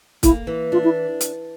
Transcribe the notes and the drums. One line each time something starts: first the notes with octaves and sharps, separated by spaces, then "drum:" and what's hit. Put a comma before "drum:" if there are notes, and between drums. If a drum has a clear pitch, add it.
A#3 E4, drum: kick, hi-hat
E3
D4 F4
E4
drum: hi-hat